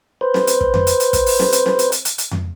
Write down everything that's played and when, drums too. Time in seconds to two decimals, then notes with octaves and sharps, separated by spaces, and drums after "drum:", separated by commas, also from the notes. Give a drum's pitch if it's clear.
0.21 B4 C5
0.34 drum: snare C4
0.47 drum: hi-hat
0.61 drum: kick
0.74 drum: tom F2
0.87 drum: hi-hat
1.00 drum: hi-hat
1.13 drum: kick, hi-hat
1.26 drum: open hi-hat
1.39 drum: snare C4
1.53 drum: hi-hat
1.66 drum: snare C4
1.79 drum: hi-hat
1.92 drum: hi-hat
2.05 drum: hi-hat
2.18 drum: hi-hat
2.31 drum: tom F2